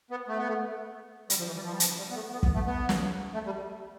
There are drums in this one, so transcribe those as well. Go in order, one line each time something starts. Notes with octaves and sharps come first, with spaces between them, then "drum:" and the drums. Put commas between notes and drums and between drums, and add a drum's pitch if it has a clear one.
B3
A3
B3
A3
G3, drum: hi-hat
F3
E3
G3
F3
G3
F3, drum: hi-hat
G3
B3
A3
B3
B3, drum: kick
A3
B3
drum: snare
A3
G3